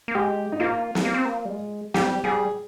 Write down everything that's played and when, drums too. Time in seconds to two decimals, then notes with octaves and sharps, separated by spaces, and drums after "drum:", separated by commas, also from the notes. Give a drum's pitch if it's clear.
0.08 A#3
0.15 G#3 G4
0.52 D#4
0.60 A#3 F4
0.95 drum: snare
1.05 A#3
1.14 C4
1.25 A#3
1.45 G3
1.50 G#3
1.94 G3 G4, drum: snare
2.24 G3 G#4